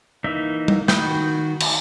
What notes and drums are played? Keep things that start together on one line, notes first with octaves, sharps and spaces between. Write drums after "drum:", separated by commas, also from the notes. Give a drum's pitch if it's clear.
E3 A#3 D#4 E5
drum: tom G3
D#3 F#4 B5 D#6 G6, drum: snare
drum: cymbal